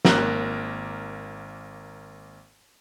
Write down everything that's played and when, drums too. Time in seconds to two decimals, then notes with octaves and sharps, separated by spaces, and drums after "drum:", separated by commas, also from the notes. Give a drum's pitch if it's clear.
0.05 G#1 A#3 A#4 F#6, drum: snare